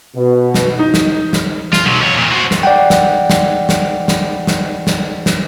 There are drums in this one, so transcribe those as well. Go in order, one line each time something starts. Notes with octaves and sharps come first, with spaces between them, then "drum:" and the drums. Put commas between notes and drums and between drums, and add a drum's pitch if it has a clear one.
B2
drum: snare
D#4
drum: snare
drum: snare
F4, drum: snare
B2 F#3
F2 C#5
A#2 D#3
C4 F#4
drum: snare
D5 F#5 G5
drum: snare
drum: snare
drum: snare
drum: snare
drum: snare
drum: snare
drum: snare